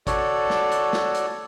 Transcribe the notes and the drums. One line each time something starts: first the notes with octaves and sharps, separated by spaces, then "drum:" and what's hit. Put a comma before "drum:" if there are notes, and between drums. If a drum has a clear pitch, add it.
F#4 A4 C#5 D5, drum: kick, hi-hat
drum: snare
drum: hi-hat
drum: snare
drum: hi-hat